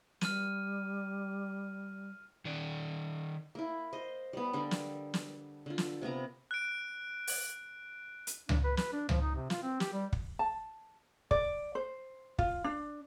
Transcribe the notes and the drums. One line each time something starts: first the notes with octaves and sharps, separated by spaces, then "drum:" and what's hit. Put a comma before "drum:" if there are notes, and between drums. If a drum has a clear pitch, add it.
G3 F6 D#7, drum: snare
D#3 D5
A#3 E4
C5 D#5
G3 B3
D3 G3 A#3
drum: snare
drum: snare
D3 F4
drum: snare
C3 A#3 B3 A#5
F#6 D7
drum: open hi-hat
drum: hi-hat
D4, drum: tom C#2
B4
B4, drum: snare
D4
F3, drum: tom C#2
D#4
C3
F4, drum: snare
C4
G4, drum: snare
G3
drum: kick
A5
D5, drum: kick
C5
F4, drum: kick
D4